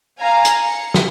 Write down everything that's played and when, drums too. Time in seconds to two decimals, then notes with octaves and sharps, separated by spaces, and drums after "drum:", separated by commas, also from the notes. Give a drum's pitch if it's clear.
0.20 F5 G#5 A#5
0.45 drum: hi-hat
0.64 C#7
0.94 drum: snare